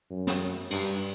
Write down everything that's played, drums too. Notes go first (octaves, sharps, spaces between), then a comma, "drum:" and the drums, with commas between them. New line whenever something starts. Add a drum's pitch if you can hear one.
F#2
drum: snare
G2, drum: cymbal